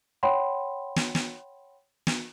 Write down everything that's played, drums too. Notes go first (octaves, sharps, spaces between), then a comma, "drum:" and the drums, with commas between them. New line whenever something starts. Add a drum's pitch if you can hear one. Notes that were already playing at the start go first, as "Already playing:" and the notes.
C#5 F#5 G5 B5 C6
drum: snare
drum: snare
drum: snare